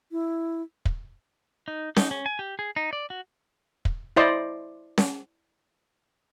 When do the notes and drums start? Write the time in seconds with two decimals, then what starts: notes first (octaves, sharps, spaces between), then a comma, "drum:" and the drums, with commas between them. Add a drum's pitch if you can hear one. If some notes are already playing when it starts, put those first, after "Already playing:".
0.12 E4
0.85 drum: kick
1.68 D#4
1.96 D#4, drum: snare C#4
2.11 C#4
2.26 G#5
2.39 G4
2.59 G#4
2.76 D#4
2.93 D5
3.10 F#4
3.85 drum: kick
4.16 E4 C5 D5 D#5 C6
4.98 drum: snare C#4